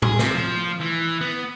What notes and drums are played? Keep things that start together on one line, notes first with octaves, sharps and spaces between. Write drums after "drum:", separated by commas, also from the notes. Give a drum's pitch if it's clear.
G#4, drum: tom A2
C3, drum: snare
F3
E3
B3